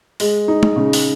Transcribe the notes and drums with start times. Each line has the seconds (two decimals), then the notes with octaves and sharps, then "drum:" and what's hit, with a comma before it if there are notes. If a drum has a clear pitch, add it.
0.20 G#3, drum: open hi-hat
0.48 D#4
0.63 drum: tom G#3
0.76 C#3
0.93 drum: open hi-hat